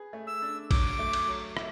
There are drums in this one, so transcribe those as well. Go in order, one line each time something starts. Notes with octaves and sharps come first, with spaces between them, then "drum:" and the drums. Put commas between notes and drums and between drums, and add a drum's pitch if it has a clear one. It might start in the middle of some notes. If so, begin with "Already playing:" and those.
Already playing: G#4 B4
A3
E6
D4
F#3 D6, drum: kick A#1, cymbal
A3
drum: cymbal
F#3
E4, drum: rim click